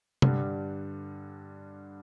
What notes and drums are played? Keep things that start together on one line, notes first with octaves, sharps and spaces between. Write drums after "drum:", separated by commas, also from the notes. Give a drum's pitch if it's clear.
G2 D3 G3, drum: tom C3